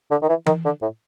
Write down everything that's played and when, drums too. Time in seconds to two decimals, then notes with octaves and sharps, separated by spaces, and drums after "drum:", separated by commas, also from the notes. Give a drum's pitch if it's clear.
0.11 D3
0.22 D#3
0.29 E3
0.46 D#3, drum: tom E3
0.65 D3
0.82 A2